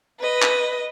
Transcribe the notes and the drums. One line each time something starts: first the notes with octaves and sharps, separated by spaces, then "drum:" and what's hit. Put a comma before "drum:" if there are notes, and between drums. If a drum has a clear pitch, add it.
B4 D#5
drum: clap